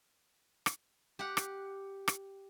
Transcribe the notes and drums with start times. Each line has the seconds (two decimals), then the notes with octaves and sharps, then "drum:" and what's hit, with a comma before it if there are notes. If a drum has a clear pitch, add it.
0.66 drum: rim click
1.19 G4 F#5
1.37 drum: rim click
2.08 drum: rim click